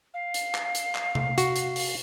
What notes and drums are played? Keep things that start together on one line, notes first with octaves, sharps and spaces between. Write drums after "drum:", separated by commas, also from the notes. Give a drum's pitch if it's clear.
F5
drum: hi-hat
drum: clap
drum: hi-hat
drum: clap
drum: tom C3
F#4, drum: hi-hat
drum: hi-hat
drum: open hi-hat